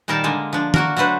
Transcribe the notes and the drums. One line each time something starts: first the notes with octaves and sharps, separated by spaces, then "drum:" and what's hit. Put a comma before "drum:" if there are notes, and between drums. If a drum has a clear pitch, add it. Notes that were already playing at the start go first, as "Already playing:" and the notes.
A#2 D#3 G3 A#4 G5 A5
D3 G#3 A#3
F3 D4
A#3 F#4 A#4, drum: tom D#3
F#3 A3 D4 B4 C5